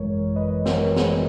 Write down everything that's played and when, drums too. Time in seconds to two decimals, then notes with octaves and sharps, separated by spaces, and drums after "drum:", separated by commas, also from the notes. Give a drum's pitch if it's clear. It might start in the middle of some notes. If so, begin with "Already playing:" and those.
Already playing: G#1 F#2 E3 G#3 A#4 C#5
0.36 B4 D#5
0.66 A#4 C#5, drum: snare
0.96 G#4 B4, drum: snare